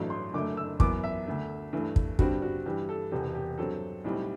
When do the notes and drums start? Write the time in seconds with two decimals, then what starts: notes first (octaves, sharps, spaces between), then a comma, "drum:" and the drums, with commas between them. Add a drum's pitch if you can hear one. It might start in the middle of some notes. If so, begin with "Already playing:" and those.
Already playing: A1 G2 F#3 A3
0.10 C6
0.34 F#1 F#2 D3 A3 D6
0.57 E6
0.80 F#2 E3 B3 D6, drum: kick
1.04 E5
1.26 D2 D3 A3
1.73 G2 E3 A3
1.96 drum: kick
2.19 G2 D3 G3 C4 F#4, drum: kick
2.42 F#4
2.66 G2 E3 G3 G4
2.89 A4
3.12 E1 E2 C3 E3 G4
3.35 G4
3.58 G2 F#3 C4 A4
4.04 B1 A2 G3 C4